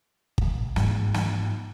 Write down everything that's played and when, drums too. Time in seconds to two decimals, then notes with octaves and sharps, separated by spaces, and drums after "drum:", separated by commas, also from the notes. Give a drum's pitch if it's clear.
0.38 drum: kick
0.76 G#2, drum: snare
1.14 drum: snare